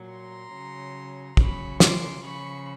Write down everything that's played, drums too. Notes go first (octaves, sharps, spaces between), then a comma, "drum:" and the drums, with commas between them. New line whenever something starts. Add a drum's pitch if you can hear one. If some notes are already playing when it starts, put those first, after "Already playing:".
Already playing: A#2 F#3
A#5 C6
C#3 F#3
C#3 F#3 B5 C#6, drum: kick
C6 D6, drum: snare
C#3 F3 B5 C#6